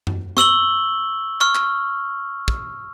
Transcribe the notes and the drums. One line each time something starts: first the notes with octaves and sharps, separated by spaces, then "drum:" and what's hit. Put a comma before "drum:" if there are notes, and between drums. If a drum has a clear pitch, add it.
drum: tom F#2
C#6 E6 F#7 G7, drum: snare
C#6 F6, drum: clap
drum: clap
drum: kick